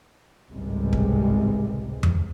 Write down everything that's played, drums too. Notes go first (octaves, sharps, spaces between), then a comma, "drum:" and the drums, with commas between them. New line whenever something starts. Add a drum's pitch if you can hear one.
G#1 C#2 A2 C3 G3 G#3
drum: kick
drum: tom F2